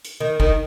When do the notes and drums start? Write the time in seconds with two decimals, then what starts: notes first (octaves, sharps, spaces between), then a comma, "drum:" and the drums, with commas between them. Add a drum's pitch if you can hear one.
0.05 drum: hi-hat
0.20 D#3
0.40 D#3, drum: kick